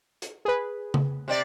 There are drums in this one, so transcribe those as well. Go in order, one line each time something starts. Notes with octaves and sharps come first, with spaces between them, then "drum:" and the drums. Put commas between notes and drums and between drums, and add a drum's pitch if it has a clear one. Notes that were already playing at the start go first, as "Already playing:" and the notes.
drum: hi-hat
G#4 B4
drum: tom C#3
C3 C4 D5